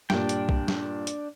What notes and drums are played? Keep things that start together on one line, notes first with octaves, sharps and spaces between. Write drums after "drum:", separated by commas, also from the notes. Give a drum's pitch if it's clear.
G2 A#2 D4 G5, drum: snare
drum: hi-hat
drum: kick
drum: snare
drum: hi-hat